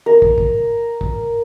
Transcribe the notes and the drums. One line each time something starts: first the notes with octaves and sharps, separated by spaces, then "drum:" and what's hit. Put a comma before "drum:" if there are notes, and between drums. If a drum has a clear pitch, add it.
A#4
drum: kick
drum: kick
drum: kick